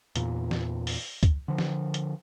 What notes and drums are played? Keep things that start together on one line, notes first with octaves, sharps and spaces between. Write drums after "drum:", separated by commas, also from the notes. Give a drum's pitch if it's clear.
E2 A#2 E3, drum: hi-hat
drum: snare
drum: open hi-hat
drum: kick, hi-hat
D3 F3
drum: snare
drum: hi-hat